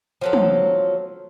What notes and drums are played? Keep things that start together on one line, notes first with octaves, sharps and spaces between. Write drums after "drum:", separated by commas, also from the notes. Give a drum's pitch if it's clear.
F3 F#3 A4
drum: tom